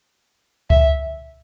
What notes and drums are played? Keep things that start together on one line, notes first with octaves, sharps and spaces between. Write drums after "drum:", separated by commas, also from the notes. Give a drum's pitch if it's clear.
E5, drum: kick C#2